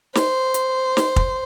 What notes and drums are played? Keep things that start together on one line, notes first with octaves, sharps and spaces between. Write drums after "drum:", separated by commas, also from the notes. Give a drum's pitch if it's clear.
C5, drum: snare
drum: hi-hat
drum: snare
drum: kick